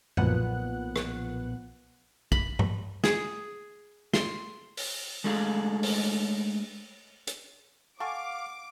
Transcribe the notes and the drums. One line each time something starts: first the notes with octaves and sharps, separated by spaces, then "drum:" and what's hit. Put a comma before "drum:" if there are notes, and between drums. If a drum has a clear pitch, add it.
B1 A#2 F3 B3 F#5 F#6, drum: tom F#2
drum: rim click
B5, drum: kick
drum: tom G2
G#4, drum: snare
C6, drum: snare
drum: open hi-hat
G#3 A3 D4 G#4 F5
drum: open hi-hat
drum: hi-hat
A4 F5 F#5 G#5 C#6 D6